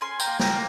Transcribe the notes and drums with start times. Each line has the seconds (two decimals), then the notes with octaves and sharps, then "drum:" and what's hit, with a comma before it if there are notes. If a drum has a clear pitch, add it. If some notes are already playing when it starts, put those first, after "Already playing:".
0.01 C#4 G#5 C6
0.20 G5 A#5, drum: tambourine
0.26 A#3
0.40 G5 A#5, drum: snare
0.52 A#3